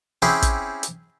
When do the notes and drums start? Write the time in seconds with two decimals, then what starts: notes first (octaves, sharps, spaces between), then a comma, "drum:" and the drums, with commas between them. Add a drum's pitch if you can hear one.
0.22 C4 C#4 E4 G4 G#4
0.42 drum: kick, hi-hat
0.83 drum: hi-hat